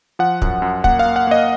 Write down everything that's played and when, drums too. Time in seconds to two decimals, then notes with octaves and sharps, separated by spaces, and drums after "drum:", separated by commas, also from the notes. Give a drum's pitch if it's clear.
0.19 F3 F#5
0.42 F#2, drum: kick
0.62 F#2
0.84 A#3 F#5, drum: kick
0.99 F5
1.06 A#3
1.16 F#5
1.27 A#3 D#5